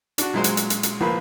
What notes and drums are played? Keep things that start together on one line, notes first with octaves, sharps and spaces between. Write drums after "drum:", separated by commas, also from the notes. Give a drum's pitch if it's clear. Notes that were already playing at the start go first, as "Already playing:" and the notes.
D4 F#4, drum: hi-hat
A#2 F#3 G#3 C5 C6
drum: hi-hat
drum: hi-hat
drum: hi-hat
drum: hi-hat
A#1 F3 A#3 B4